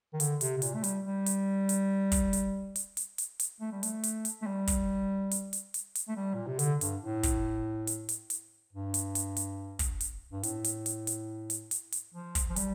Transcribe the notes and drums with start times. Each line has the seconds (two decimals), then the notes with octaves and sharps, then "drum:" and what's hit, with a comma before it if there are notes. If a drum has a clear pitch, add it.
0.13 D#3
0.20 D3, drum: hi-hat
0.41 C3, drum: hi-hat
0.57 C3
0.62 A#2, drum: hi-hat
0.75 A3
0.84 G3, drum: hi-hat
1.05 G3
1.26 drum: hi-hat
1.69 drum: hi-hat
2.12 drum: kick, hi-hat
2.33 drum: hi-hat
2.76 drum: hi-hat
2.97 drum: hi-hat
3.18 drum: hi-hat
3.40 drum: hi-hat
3.61 A3
3.72 G3
3.83 A3, drum: hi-hat
4.03 drum: hi-hat
4.25 drum: hi-hat
4.42 A3
4.46 G3
4.67 drum: kick, hi-hat
5.31 drum: hi-hat
5.53 drum: hi-hat
5.74 drum: hi-hat
5.95 drum: hi-hat
6.08 A3
6.16 G3
6.34 A#2
6.47 C3
6.59 D3, drum: hi-hat
6.81 G2, drum: hi-hat
7.01 A2
7.23 drum: kick, hi-hat
7.87 drum: hi-hat
8.09 drum: hi-hat
8.30 drum: hi-hat
8.73 G2
8.94 drum: hi-hat
9.15 drum: hi-hat
9.37 drum: hi-hat
9.79 drum: kick, hi-hat
10.00 drum: hi-hat
10.32 G2
10.43 A2, drum: hi-hat
10.64 drum: hi-hat
10.86 drum: hi-hat
11.07 drum: hi-hat
11.50 drum: hi-hat
11.71 drum: hi-hat
11.92 drum: hi-hat
12.14 F3
12.35 drum: kick, hi-hat
12.50 F3
12.56 G3, drum: hi-hat